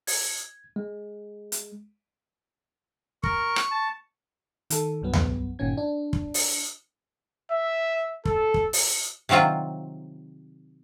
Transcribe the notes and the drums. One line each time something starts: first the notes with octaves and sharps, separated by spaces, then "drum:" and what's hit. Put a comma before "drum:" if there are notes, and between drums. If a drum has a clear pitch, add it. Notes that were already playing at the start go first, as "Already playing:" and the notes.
G#6, drum: open hi-hat
G#3
drum: hi-hat
A#4 C#6, drum: kick
drum: rim click
A5
D#3 A4, drum: hi-hat
C2 G2 F#3 B3
drum: tom D#2
G1 A#2 D#3 C#4 G#6
D4
drum: kick
drum: open hi-hat
E5
A4, drum: kick
drum: kick
drum: open hi-hat
C3 D#3 F#3 C4 F4